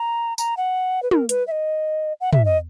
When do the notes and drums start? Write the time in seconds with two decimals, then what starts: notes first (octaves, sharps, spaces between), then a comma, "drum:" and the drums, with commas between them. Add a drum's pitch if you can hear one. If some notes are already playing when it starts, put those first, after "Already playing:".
Already playing: A#5
0.38 A#5, drum: tambourine
0.57 F#5
1.03 B4
1.11 A#4, drum: tom
1.29 B4, drum: hi-hat
1.48 E5
1.51 D#5
2.21 F#5
2.33 E5, drum: tom
2.45 D#5